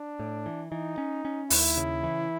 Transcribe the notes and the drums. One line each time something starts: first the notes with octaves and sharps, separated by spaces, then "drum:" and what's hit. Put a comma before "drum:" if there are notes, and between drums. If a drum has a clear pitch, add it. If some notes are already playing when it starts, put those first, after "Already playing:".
Already playing: D4
A2
E3
E3 D#4
C#4
C#4
D#2 E4, drum: open hi-hat
C#3
E3